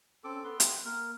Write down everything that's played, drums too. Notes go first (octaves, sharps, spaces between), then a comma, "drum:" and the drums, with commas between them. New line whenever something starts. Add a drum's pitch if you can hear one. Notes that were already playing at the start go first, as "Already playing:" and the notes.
C4 C#4 A4 D6
B3 A4 B4 C6
G5, drum: hi-hat
A#3 A#4